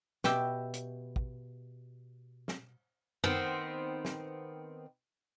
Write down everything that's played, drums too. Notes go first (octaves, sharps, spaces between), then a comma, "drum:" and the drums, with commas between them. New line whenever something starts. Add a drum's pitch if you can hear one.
B2 G4 E5, drum: snare
drum: hi-hat
drum: kick
drum: snare
D#3 B3 C4, drum: tom F#2
drum: snare